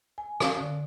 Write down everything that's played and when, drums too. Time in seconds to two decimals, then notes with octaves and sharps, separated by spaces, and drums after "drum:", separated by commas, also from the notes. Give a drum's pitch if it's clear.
0.18 G#5
0.40 F5, drum: rim click
0.61 D3